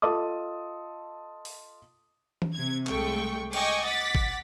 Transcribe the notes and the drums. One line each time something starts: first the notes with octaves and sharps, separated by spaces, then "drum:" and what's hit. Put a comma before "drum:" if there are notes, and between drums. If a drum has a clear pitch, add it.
F4 A4 D#5 A5 D#6
drum: open hi-hat
drum: tom E3
C3 G#6
C2 G#3 A3 G5 C#6, drum: clap
D#5 G5 G#5 C#6 D6, drum: cymbal
F#5 D6 A6 B6
drum: kick G#1